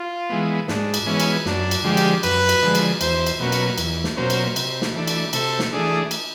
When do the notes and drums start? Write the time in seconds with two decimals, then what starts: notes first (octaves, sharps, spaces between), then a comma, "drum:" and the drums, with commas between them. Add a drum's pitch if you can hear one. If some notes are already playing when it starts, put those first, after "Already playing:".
Already playing: F4
0.30 E3 G#3 B3
0.68 G#2 D4, drum: snare
0.94 drum: cymbal
1.06 E3 G#3 B3 C#4
1.20 drum: cymbal
1.45 F#2 D4, drum: snare
1.71 drum: cymbal
1.84 D3 F3 G#3 G4
1.97 drum: cymbal
2.23 F#2 B4, drum: cymbal
2.49 drum: cymbal
2.62 D3 F3 G#3
2.75 drum: cymbal
3.01 E2 C5, drum: cymbal
3.26 drum: cymbal
3.39 B2 F#3 A#3 C#4 B4
3.52 drum: cymbal
3.78 E2, drum: cymbal
4.04 drum: snare
4.16 B2 F#3 A#3 C#4 C5
4.30 drum: cymbal
4.56 C3, drum: cymbal
4.82 drum: snare
4.94 E3 A3 D4
5.07 drum: cymbal
5.33 C3 A4, drum: cymbal
5.59 drum: snare
5.73 E3 A3 D4 G#4
6.11 drum: cymbal